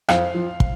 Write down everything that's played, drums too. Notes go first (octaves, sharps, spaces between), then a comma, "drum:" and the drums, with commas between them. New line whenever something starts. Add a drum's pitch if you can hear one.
F2 F5, drum: rim click
F3
drum: kick